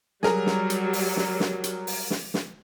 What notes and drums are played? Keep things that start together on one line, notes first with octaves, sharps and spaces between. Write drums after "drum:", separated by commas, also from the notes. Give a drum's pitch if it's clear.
F#3 G3 G#4 A#4, drum: snare
drum: snare
drum: hi-hat
drum: open hi-hat
drum: snare
drum: snare
drum: hi-hat
drum: open hi-hat
drum: snare
drum: snare